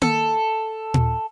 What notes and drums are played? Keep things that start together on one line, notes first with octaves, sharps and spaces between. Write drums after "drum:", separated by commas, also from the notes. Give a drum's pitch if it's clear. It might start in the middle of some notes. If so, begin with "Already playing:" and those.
A4, drum: tom A#3
drum: tom A#2